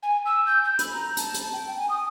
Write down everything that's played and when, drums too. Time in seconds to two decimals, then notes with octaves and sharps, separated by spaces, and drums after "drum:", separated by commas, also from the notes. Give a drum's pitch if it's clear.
0.03 G#5
0.26 E6
0.46 G6
0.64 G6
0.79 B5, drum: hi-hat
0.93 A#5
1.17 A5, drum: hi-hat
1.34 drum: hi-hat
1.53 G5
1.77 G#5
1.89 D#6